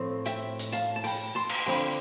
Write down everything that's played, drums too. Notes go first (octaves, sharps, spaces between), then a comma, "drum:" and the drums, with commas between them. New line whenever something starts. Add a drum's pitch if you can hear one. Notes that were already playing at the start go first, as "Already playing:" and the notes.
Already playing: A2 F3 A3 C4
E5 G5, drum: hi-hat
drum: hi-hat
F5 A5, drum: hi-hat
A5
G5 B5, drum: open hi-hat
A5 C6
drum: cymbal
D3 F3 C4 G5 B5